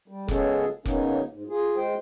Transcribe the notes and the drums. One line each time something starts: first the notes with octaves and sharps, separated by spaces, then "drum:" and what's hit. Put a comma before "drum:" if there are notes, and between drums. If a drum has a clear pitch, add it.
G3
C#3 G#3 B3 C#4 G#4 A4, drum: kick
C#3 A#3 B3 C#4 D#4, drum: kick
G#2
F4 G#4
G#3 C5 G5